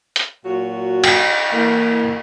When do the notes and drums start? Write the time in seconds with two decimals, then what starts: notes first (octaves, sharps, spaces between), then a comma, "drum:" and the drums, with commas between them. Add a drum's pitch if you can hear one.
0.16 drum: hi-hat
0.45 A#2 F#3 F#4
1.04 G5, drum: cymbal
1.51 E3 A#3